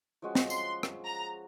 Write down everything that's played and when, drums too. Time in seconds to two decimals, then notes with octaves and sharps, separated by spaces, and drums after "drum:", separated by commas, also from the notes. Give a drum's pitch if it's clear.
0.22 F3 G#3 C#4 F#4
0.35 drum: snare
0.50 C6, drum: tambourine
0.83 drum: rim click
1.06 A#5